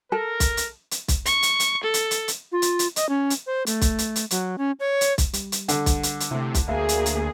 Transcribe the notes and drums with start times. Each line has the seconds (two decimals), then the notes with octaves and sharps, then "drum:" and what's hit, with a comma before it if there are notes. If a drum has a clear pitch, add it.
0.12 A4 A#4
0.40 drum: kick B1, hi-hat
0.57 drum: hi-hat
0.91 drum: hi-hat
1.08 drum: kick B1, hi-hat
1.26 C#6, drum: hi-hat
1.43 drum: hi-hat
1.60 drum: hi-hat
1.83 A4
1.94 drum: hi-hat
2.11 drum: hi-hat
2.28 drum: hi-hat
2.52 F4
2.62 drum: hi-hat
2.79 drum: hi-hat
2.96 D#5, drum: hi-hat
3.09 C#4
3.30 drum: hi-hat
3.47 C5
3.66 A3, drum: hi-hat
3.81 drum: kick B1, hi-hat
3.98 drum: hi-hat
4.16 drum: hi-hat
4.31 F#3, drum: hi-hat
4.58 C#4
4.80 C#5
5.01 drum: hi-hat
5.18 drum: kick B1, hi-hat
5.33 G3, drum: hi-hat
5.52 drum: hi-hat
5.68 D3, drum: hi-hat
5.86 drum: kick B1, hi-hat
6.03 drum: hi-hat
6.20 drum: hi-hat
6.31 C3 A3 E4
6.54 drum: kick B1, hi-hat
6.68 D2 A#3 G#4 A#4 E5 F5
6.89 drum: hi-hat
7.06 drum: hi-hat